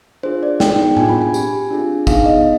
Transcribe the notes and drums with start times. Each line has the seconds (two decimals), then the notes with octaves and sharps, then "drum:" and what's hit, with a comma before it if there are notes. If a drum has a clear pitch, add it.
0.23 D4 F4 G#4 C5
0.43 D5
0.60 B3 D#4 G#4 G5, drum: snare
0.97 D4 F4 G#4 G#5, drum: tom A2
1.09 B5
1.22 G#5
1.34 C4 G4, drum: tambourine
1.70 D4 F4 G#4
2.07 B3 D#4 G#4 F5, drum: kick, tambourine
2.26 D#5